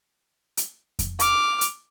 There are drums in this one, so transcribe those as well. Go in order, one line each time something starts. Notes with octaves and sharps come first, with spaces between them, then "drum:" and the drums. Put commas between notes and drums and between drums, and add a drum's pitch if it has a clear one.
drum: hi-hat
drum: kick F2, hi-hat
D6 F6, drum: hi-hat
drum: hi-hat